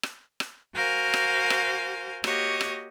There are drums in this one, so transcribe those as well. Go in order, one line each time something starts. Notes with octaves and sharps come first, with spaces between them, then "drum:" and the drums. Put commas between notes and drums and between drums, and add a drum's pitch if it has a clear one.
drum: rim click
drum: rim click
F#4 A#4 C5 F5 G#5
drum: rim click
drum: rim click
A#3 F#4 G4 C#5 D#5, drum: rim click
drum: rim click